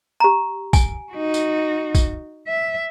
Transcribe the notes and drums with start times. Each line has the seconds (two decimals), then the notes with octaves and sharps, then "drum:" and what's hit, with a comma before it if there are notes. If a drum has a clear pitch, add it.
0.20 G4 A#5
0.73 G#5, drum: kick, tambourine
1.12 D#4 F#4
1.34 drum: tambourine
1.95 drum: kick, tambourine
2.47 E5